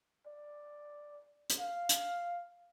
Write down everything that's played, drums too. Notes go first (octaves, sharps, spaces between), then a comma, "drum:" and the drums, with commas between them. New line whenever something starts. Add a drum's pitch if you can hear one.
D5
drum: hi-hat
F5
drum: hi-hat